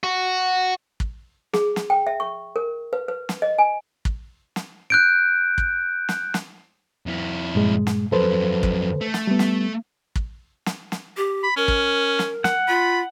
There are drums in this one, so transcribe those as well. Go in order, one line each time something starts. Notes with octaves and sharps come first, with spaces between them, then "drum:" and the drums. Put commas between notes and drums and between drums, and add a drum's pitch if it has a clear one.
F#4
drum: kick
G#4, drum: snare
drum: snare
G5
E5
C#6
A#4
B4
B4
drum: snare
D#5
G#5
drum: kick
drum: snare
F#6 G6 D7
drum: kick
drum: snare
drum: snare
F2 E4
G2 A#2 G#3
drum: snare
F2 F#3 A4 B4 C5
drum: kick
A3
drum: snare
G3 B3
drum: snare
drum: kick
drum: snare
drum: snare
G4
B5
C#4 A#4
drum: kick
drum: snare
F#5, drum: snare
F4 B5